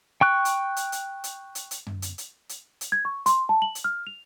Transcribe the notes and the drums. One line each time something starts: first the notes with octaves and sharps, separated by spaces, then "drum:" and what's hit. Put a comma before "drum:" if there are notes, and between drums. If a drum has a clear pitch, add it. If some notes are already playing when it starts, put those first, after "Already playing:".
G5 C#6 F#6
drum: hi-hat
drum: hi-hat
drum: hi-hat
drum: hi-hat
drum: hi-hat
drum: hi-hat
drum: tom F#2
drum: hi-hat
drum: hi-hat
drum: hi-hat
drum: hi-hat
G#6
C#6
C6, drum: hi-hat
A5
F#7
drum: hi-hat
F6
F7